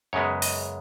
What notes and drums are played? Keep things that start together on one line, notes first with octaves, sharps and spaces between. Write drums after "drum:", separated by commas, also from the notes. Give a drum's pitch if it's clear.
F#2 C#3 G#3 B3 C#5
D#5, drum: open hi-hat